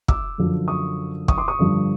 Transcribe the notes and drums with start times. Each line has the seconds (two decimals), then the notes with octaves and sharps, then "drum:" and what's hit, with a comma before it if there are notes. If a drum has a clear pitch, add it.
0.08 D6 E6, drum: kick
0.38 F#2 D3 F3
0.68 C#6 D#6
1.28 C#6 D#6, drum: kick
1.38 C6 D6
1.48 C#6 D#6
1.59 G2 D3 F3